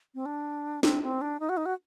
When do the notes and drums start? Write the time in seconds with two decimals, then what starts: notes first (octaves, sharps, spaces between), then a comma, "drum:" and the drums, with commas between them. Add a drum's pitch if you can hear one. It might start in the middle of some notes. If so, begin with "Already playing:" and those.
0.15 C4
0.25 D4
0.83 C4, drum: snare D4
1.03 C4
1.21 D4
1.40 D#4
1.49 F#4
1.57 D#4
1.65 F#4